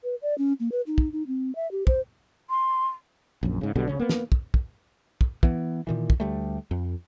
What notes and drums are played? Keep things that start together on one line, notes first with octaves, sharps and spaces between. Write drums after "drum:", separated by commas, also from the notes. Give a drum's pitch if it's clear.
B4
D5
C#4
A#3
B4
D#4
drum: kick
D#4
C4
E5
G4
C5, drum: kick
C6
A#1 F#2
G#2 C#3
B1 B2 D3 G3
D2 C#3 C#4
A#3 B3
drum: snare
drum: kick
drum: kick
drum: kick
E3 B3, drum: kick
A#2 D#3 E3
drum: kick
D2 G3 A3
F2